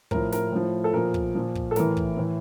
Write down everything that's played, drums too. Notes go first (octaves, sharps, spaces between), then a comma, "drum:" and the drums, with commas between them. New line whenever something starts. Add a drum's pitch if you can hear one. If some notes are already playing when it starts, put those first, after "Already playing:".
A2 F3 A#4, drum: kick
A#4, drum: snare
A2 F3
A4
A#2 F3 A#4
drum: kick
A#2 F3
drum: kick
A4
A2 E3 A#4, drum: snare
drum: kick
A2 E3